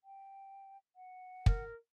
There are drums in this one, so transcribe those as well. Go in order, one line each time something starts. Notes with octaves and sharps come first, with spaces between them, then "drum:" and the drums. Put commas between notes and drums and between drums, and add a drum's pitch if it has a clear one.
G5
F#5
A#4, drum: kick